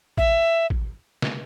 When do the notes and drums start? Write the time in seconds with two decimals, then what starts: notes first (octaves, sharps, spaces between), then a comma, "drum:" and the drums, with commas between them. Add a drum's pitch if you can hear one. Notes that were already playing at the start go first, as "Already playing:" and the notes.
0.17 E5, drum: kick
0.70 drum: kick
1.22 drum: snare